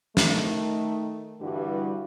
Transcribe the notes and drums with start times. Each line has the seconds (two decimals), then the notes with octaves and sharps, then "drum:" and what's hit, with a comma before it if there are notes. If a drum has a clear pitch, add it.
0.17 D#3 A3, drum: snare
1.41 G2 D3 E3 G3 E4 F#4